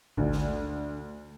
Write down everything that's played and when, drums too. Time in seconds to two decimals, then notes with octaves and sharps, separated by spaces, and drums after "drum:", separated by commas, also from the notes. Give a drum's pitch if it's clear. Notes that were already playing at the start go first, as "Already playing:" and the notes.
0.17 D2, drum: kick G#1
0.32 drum: snare